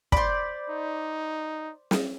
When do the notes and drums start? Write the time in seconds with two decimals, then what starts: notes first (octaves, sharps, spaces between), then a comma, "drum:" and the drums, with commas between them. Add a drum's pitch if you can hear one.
0.12 C5 D5 B5, drum: kick
0.70 D#4
1.91 drum: snare